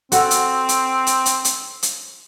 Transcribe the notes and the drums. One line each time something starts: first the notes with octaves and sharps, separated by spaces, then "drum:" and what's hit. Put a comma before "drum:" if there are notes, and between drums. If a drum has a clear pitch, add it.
C4 F#4 A4, drum: hi-hat
drum: hi-hat
drum: hi-hat
drum: hi-hat
drum: hi-hat
drum: hi-hat
drum: hi-hat